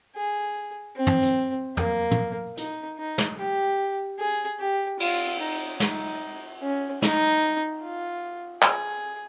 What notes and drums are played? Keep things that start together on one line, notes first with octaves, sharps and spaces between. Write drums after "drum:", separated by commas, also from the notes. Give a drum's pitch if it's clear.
G#4
C4
drum: tom
drum: hi-hat
A#3, drum: tom
drum: tom
D#4, drum: hi-hat
D#4
drum: snare
G4
G#4
G4
F4, drum: cymbal
D#4
D#4, drum: snare
C#4
D#4, drum: snare
F4
G#4, drum: clap